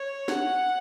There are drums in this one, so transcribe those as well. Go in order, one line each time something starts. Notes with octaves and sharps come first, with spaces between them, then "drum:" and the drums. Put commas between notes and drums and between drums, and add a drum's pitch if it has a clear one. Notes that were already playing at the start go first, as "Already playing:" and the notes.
Already playing: C#5
F#5, drum: snare